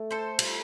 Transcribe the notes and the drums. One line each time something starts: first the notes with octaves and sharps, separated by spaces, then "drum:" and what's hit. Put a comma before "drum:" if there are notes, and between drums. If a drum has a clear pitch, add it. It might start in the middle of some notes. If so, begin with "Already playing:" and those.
Already playing: A3
A4 C5
G3, drum: cymbal